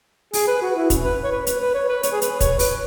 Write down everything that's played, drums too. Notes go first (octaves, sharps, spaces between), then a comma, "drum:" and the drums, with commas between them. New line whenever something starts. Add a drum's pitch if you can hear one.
G#4, drum: open hi-hat
B4
F#4
E4
C#4, drum: kick, hi-hat
B4
C#5
B4
B4, drum: hi-hat
B4
C#5
B4
C#5, drum: hi-hat
G#4
B4, drum: hi-hat
C#5, drum: kick, hi-hat
B4, drum: open hi-hat